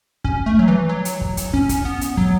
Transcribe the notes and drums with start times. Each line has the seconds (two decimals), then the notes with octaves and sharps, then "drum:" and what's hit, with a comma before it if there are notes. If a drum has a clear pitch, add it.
0.24 C#4, drum: kick
0.46 A3
0.59 F#3
0.68 E3
0.89 F#3
1.05 drum: hi-hat
1.21 drum: kick
1.37 drum: hi-hat
1.53 C#4, drum: kick
1.69 drum: kick, hi-hat
1.85 B3
2.01 drum: hi-hat
2.17 F#3, drum: kick